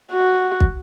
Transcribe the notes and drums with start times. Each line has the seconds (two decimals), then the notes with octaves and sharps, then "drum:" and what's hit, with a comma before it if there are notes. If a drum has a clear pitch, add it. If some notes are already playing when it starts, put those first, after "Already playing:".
0.12 F#4
0.60 drum: kick